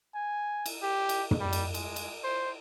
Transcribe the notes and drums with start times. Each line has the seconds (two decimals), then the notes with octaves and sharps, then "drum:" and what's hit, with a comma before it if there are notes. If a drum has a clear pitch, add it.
0.15 G#5
0.66 drum: cymbal
0.83 G4
1.09 drum: cymbal
1.31 drum: tom
1.40 G3
1.53 drum: cymbal
1.74 G#3, drum: cymbal
1.96 drum: cymbal
2.24 C5